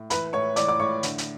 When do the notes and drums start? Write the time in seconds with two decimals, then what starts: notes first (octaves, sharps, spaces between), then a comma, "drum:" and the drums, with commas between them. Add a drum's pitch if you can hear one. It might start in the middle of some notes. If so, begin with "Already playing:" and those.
Already playing: A2
0.10 E3 B4 B5, drum: hi-hat
0.33 A2 C#5 C#6
0.56 E3 D5 D6, drum: hi-hat
0.68 D5 D6
0.79 A2 C#5 C#6
1.03 D3, drum: hi-hat
1.18 drum: hi-hat